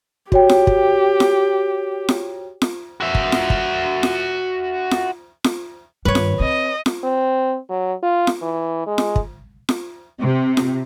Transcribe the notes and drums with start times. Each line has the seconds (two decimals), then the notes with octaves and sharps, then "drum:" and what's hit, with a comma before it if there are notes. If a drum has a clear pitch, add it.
0.32 F#4 G4 C#5 G5, drum: kick
0.49 drum: snare F4
0.67 drum: kick
1.20 drum: snare F4
2.09 drum: snare F4
2.62 drum: snare F4
3.00 F#4 E5
3.15 drum: kick
3.32 drum: snare F4
3.50 drum: kick
4.03 drum: snare F4
4.91 drum: snare F4
5.44 drum: snare F4
6.05 G2 D#3 B4 C#5
6.15 drum: snare F4
6.40 C4 D#5
6.86 drum: snare F4
7.04 C4
7.70 F#3
8.03 F4
8.27 drum: snare F4
8.42 E3
8.87 G#3
8.98 drum: snare F4
9.16 drum: kick
9.69 drum: snare F4
10.20 C3
10.57 drum: snare F4